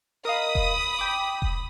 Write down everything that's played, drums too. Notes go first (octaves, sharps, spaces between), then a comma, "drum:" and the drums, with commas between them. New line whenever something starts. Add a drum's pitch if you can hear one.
A#4 D#5 F5 B5 D#6
drum: kick E1
G5 D6
drum: kick E1